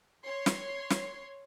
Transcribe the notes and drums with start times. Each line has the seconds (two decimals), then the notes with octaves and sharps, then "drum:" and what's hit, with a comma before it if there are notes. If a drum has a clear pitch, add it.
0.24 C#5 C6
0.46 drum: snare
0.90 drum: snare